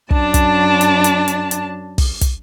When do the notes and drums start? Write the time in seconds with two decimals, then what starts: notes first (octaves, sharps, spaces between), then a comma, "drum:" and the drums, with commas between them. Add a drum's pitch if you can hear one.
0.10 F#2 D4 A5, drum: kick
0.34 drum: kick, hi-hat
0.81 drum: hi-hat
1.04 drum: hi-hat
1.28 drum: hi-hat
1.51 drum: hi-hat
1.98 drum: kick, open hi-hat
2.21 drum: kick, hi-hat